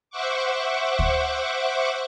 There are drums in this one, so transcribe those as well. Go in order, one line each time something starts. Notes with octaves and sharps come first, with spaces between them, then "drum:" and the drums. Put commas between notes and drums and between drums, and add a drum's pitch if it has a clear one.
C5 E5 F#5 C#6 D6
drum: kick D2